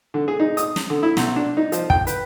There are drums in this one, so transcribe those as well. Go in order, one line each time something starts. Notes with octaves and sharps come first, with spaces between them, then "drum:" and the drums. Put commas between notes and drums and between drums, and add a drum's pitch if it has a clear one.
D3
G#4
D#4
D#6, drum: hi-hat
drum: snare
D3
E4
B1, drum: snare
D4
D#4
F3, drum: hi-hat
G5, drum: kick
B4, drum: hi-hat